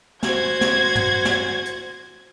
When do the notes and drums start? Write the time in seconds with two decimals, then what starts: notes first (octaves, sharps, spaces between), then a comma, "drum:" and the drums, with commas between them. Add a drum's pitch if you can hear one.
0.23 F#4 C5 G#6, drum: snare
0.61 drum: snare
0.95 drum: tom
1.25 drum: snare
1.65 drum: hi-hat